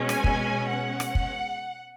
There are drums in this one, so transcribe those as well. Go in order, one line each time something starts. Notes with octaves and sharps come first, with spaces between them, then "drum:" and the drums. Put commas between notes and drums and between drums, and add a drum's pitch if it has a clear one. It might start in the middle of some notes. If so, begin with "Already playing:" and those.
Already playing: B2 G#3 C#4
G#5, drum: rim click
drum: kick
F#5
drum: rim click
drum: kick